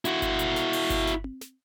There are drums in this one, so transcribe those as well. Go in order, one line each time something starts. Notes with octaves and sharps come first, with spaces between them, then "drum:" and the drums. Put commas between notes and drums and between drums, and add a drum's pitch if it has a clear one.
E4 F#4, drum: hi-hat
drum: kick G1, hi-hat
drum: hi-hat
drum: snare
drum: open hi-hat
drum: kick G1, hi-hat
drum: snare
drum: tom C4
drum: snare